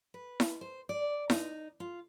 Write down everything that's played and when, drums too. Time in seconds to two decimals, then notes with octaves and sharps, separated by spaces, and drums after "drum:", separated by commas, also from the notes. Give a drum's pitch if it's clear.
0.14 B4
0.40 drum: snare E4
0.61 C5
0.89 D5
1.30 D#4, drum: snare E4
1.80 F4